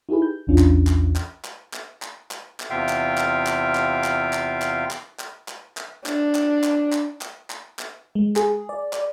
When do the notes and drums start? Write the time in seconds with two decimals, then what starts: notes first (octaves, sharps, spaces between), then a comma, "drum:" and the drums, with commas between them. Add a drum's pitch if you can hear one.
0.09 D#4 E4 G4 G#4 B4
0.22 G6
0.47 A#1 E2 C#4 D4 F4
0.58 drum: clap
0.87 drum: clap
1.16 drum: clap
1.45 drum: clap
1.73 drum: clap
2.02 drum: clap
2.31 drum: clap
2.60 drum: clap
2.70 E2 C3 F4 E5 F5 G5
2.89 drum: clap
3.18 drum: clap
3.47 drum: clap
3.75 drum: clap
4.04 drum: clap
4.33 drum: clap
4.62 drum: clap
4.91 drum: clap
5.20 drum: clap
5.48 drum: clap
5.77 drum: clap
6.06 D4, drum: clap
6.35 drum: clap
6.64 drum: clap
6.93 drum: clap
7.21 drum: clap
7.50 drum: clap
7.79 drum: clap
8.15 G#3
8.36 G#4, drum: clap
8.69 D5
8.93 D5, drum: clap